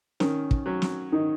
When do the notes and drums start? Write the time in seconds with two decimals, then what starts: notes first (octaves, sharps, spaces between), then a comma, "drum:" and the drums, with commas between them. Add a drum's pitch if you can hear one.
0.20 D#3 C#4, drum: snare
0.51 drum: kick
0.66 F#3 C#4
0.82 drum: snare
1.12 D#3 D#4